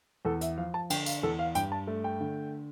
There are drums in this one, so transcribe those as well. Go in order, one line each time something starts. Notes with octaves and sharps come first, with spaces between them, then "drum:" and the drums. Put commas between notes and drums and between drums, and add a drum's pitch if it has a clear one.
E2 A4
E5, drum: hi-hat
F3 F5
A5
D3 G5, drum: cymbal
F5, drum: tambourine
E2 A4
F5
G2 G5, drum: hi-hat
A5
A3
G5
D3